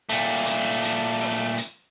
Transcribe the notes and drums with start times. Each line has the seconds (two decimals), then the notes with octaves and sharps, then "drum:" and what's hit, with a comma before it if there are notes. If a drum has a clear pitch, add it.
0.09 A#2 A3, drum: hi-hat
0.46 drum: hi-hat
0.84 drum: hi-hat
1.21 drum: open hi-hat
1.58 drum: hi-hat